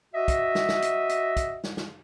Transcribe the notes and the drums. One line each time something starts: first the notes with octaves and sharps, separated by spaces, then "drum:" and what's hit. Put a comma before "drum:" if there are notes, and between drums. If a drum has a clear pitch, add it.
F#4 D#5 E5
drum: kick, hi-hat
drum: snare
drum: snare
drum: hi-hat
drum: hi-hat
drum: kick, hi-hat
drum: snare
drum: snare